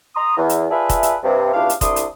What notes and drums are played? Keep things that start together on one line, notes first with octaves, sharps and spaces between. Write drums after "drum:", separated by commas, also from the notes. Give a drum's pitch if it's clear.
A#5 C6 D#6
E2
drum: hi-hat
F4 G#4 A4 B4 D5 E5
drum: kick F1, hi-hat
drum: hi-hat
G2 C3
C#2 B2 D4 E4 G4 F5
drum: hi-hat
C2 D4 E4 D5 C6 D#6, drum: kick F1, hi-hat
drum: hi-hat